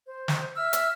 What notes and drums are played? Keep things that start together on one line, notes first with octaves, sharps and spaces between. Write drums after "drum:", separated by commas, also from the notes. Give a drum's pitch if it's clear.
C5
drum: snare
E5 E6 F6
drum: hi-hat